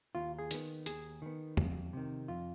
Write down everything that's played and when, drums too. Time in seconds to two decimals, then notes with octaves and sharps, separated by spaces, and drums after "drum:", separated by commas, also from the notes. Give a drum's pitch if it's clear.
0.15 D#2 F4
0.39 G#4
0.51 D#3 B3, drum: hi-hat
0.86 D#2 G#4, drum: hi-hat
1.22 D#3 B3
1.57 F2, drum: tom
1.93 C3 D#3
2.28 F2 F4